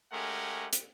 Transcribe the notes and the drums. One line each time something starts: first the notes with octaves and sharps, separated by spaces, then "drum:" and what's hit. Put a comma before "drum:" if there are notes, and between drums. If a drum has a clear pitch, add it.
G#3 A3 C#4 G4 A#4 F#5
drum: hi-hat